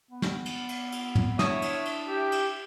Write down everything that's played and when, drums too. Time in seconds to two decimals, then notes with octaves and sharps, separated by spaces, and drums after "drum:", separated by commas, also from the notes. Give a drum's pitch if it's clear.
0.11 B3
0.22 drum: snare
0.46 drum: cymbal
0.69 drum: cymbal
0.92 drum: cymbal
1.15 drum: tom
1.39 D4 E4 C#5 E5 D#6, drum: snare
1.62 drum: cymbal
1.85 drum: cymbal
2.09 G4
2.32 drum: cymbal